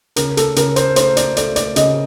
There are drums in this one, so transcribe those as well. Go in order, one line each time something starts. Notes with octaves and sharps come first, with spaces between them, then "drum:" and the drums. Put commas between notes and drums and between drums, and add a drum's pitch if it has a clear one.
C#3 A#4, drum: hi-hat
A4, drum: hi-hat
C#3 A#4, drum: hi-hat
C5, drum: hi-hat
A3 C5, drum: hi-hat
D5, drum: hi-hat
A3 D5, drum: hi-hat
D5, drum: hi-hat
C#3 D#5, drum: hi-hat